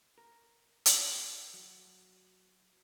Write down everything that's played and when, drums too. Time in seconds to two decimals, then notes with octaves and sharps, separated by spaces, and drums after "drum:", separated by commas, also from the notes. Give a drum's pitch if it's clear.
0.18 A#4
0.86 A4, drum: hi-hat
1.54 F#3